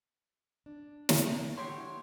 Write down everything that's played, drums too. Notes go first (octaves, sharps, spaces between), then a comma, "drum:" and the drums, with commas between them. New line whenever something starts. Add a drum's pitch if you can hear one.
D4
drum: snare
A2 F#3 G4 C#5 C6